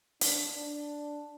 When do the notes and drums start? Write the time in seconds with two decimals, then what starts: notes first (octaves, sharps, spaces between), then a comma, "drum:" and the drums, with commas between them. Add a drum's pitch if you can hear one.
0.21 D4, drum: hi-hat
0.55 D4